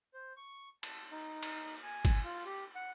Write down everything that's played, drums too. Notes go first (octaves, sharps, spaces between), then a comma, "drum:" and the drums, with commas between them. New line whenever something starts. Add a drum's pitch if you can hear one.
C5
C#6
A5, drum: cymbal
D#4
drum: cymbal
G#5
drum: kick G1, cymbal
F4
G4
F#5